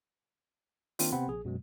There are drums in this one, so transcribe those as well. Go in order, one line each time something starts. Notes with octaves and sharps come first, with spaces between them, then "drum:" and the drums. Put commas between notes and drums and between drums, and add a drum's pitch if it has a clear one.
D#3 A#3 C4 D4 F4, drum: open hi-hat
C3 B3 C4 F#5 B5
A#1 G#4
F#2 B2 F#3 G#3